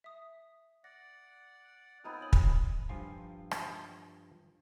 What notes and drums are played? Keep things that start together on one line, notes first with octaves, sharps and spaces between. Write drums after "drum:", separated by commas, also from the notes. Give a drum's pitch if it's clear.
E5 D#6
D5 F#5 A#6
B3 C4 D#4 F4 A#4 G#5
C#5 B5
drum: kick
G2 F3 F4 G#5
drum: rim click